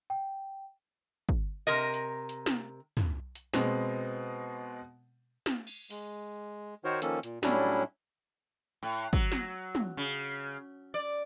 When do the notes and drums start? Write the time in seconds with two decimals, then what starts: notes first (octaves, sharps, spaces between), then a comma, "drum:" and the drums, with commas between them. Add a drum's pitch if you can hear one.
0.10 G5
1.29 drum: kick
1.67 C3 A#4 D#5
1.94 drum: hi-hat
2.29 drum: hi-hat
2.46 drum: snare
2.97 drum: tom
3.35 drum: hi-hat
3.54 B2 G#3 B3 C4, drum: snare
5.46 drum: snare
5.67 drum: cymbal
5.90 G#3, drum: open hi-hat
6.84 D#3 D#4 F#4 A#4 C5 C#5
7.02 D#3 F3 A#3 C#4 A4, drum: hi-hat
7.23 A#2, drum: hi-hat
7.43 A2 F#3 G3 C#4 D4 E4, drum: snare
8.83 A2
9.13 F#3, drum: kick
9.32 drum: snare
9.75 drum: tom
9.97 C#3
10.94 D5